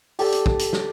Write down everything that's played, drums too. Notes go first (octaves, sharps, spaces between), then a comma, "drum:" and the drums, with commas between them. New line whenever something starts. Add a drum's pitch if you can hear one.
G4 A4 D5, drum: open hi-hat
drum: hi-hat
drum: kick
drum: hi-hat
drum: snare